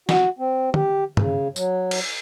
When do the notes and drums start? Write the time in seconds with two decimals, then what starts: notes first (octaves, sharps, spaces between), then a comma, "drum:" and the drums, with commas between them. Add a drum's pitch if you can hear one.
0.09 F#4, drum: snare
0.39 C4
0.74 G4, drum: tom
1.17 C#3, drum: tom
1.56 F#3, drum: tambourine
1.91 drum: cymbal